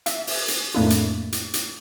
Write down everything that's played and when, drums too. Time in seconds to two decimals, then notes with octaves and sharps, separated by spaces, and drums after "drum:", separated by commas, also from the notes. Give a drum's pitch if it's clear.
0.06 E5, drum: hi-hat
0.27 drum: open hi-hat
0.48 drum: hi-hat
0.75 F2 A2 A3 A#3 D4 E4
0.90 drum: hi-hat
1.32 drum: hi-hat
1.54 drum: hi-hat